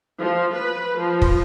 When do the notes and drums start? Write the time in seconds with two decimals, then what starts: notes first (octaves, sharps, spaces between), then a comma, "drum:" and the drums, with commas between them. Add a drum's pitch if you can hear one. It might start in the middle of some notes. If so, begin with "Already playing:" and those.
0.20 F3
0.53 B4
0.99 F3
1.22 drum: kick